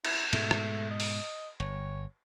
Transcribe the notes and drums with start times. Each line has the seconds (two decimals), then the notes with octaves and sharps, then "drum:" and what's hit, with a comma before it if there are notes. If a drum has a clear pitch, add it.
0.05 E4, drum: cymbal
0.33 G#2 B2 G#3 A3, drum: cymbal
0.51 drum: rim click
0.91 D#5
1.00 drum: open hi-hat
1.60 G1 C#5